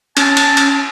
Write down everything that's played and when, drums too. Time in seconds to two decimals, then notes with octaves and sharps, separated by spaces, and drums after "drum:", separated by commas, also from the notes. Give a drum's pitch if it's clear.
0.17 C#4 A5, drum: cymbal
0.37 drum: cymbal
0.57 drum: cymbal